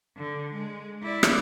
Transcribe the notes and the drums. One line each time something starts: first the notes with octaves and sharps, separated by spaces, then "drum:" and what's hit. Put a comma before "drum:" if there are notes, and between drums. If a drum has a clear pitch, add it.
D3
G#3
E4 D5
drum: rim click